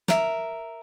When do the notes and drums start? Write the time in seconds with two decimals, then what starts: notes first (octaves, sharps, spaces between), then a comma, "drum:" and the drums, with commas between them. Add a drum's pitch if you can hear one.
0.08 A#4 E5, drum: snare